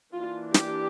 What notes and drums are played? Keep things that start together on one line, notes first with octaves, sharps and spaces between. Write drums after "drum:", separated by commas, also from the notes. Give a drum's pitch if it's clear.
E3 A#3 D4 F4
G4, drum: snare